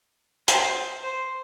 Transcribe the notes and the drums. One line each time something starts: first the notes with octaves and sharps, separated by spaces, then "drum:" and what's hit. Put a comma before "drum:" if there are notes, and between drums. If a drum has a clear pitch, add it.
C5, drum: hi-hat
C5